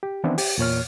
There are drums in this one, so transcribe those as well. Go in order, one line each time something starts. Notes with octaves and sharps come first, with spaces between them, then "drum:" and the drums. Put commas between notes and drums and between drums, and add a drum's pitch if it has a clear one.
G4
D#3 E3 B3 C4 D4 E4
G4, drum: open hi-hat
E2 A#2 C#5 F6